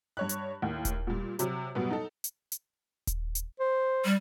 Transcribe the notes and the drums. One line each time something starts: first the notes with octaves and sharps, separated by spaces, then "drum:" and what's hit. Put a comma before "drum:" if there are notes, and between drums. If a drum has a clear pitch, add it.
G2 C#5 F#6
drum: hi-hat
D#2 A2
drum: kick D#1, hi-hat
A#2 G3
C3 F#3, drum: hi-hat
F#2 B2 G3 B3
D#4 A4
drum: hi-hat
drum: hi-hat
drum: kick D#1, hi-hat
drum: hi-hat
C5
G3